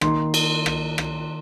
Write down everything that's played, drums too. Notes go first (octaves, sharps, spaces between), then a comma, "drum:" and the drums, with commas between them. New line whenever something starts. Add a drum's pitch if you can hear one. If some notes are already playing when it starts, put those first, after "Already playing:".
D#3 A#3 D#4 C6, drum: rim click
drum: cymbal
drum: rim click
drum: rim click